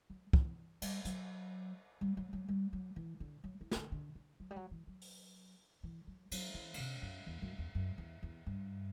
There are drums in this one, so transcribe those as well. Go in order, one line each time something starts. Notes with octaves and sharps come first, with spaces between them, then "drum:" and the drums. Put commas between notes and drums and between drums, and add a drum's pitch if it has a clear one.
F#3
E3, drum: kick
G3, drum: cymbal
F#3, drum: hi-hat
G3
F#3
F#3
G3
F#3
E3
D3
F#3
E3
C3, drum: snare
D3
D3
D3
F#3
G3
F#3
E3
F#3
drum: open hi-hat
E3
F#3
F#3, drum: cymbal
E3
D3, drum: cymbal
C3
F#2
E2
F#2
E2
F#2
E2
E2
G2